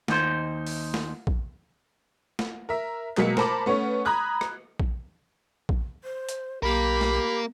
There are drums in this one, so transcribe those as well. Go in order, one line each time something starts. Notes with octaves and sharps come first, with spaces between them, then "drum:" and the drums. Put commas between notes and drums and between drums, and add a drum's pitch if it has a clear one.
D#2 D#4 C5, drum: snare
drum: open hi-hat
drum: snare
drum: kick A#1
drum: snare
A#4 E5
B2 F#3 G#3 A#3 B6 C#7, drum: clap
A#4 C5 A5 B5 D6, drum: snare
A3 B3 C#4 C#5
A#5 B5 D#6 F#6 G#6
drum: rim click
drum: kick A#1
drum: kick A#1
C5
drum: hi-hat
B1 A#3 G4 A#4 B5
drum: snare